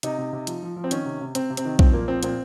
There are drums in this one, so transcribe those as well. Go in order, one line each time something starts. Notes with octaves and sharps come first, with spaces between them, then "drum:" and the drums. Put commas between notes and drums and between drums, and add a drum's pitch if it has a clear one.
C3 D#4, drum: hi-hat
C3
C3
F3, drum: hi-hat
F3
F3
C4
D#3 C#4, drum: hi-hat
C3
C3
C3 C4, drum: hi-hat
C3
C4, drum: hi-hat
D#3
F3 C4, drum: kick B1
A#2 A#3
F3 C4
A#2 C4, drum: hi-hat